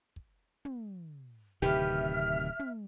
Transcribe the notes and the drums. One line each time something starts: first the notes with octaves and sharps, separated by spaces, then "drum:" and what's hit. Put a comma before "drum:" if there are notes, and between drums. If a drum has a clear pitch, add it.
drum: kick
drum: tom
D1 C3 D#3 G4 B4 E5 F6
drum: tom